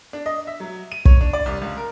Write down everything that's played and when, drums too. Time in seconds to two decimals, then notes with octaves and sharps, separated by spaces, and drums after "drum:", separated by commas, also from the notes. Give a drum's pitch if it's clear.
0.13 D4
0.26 D#5
0.47 E5
0.60 F#3
0.92 D#7
1.05 C#5, drum: kick
1.21 D4
1.33 D5
1.46 C2
1.62 C#2
1.77 A#4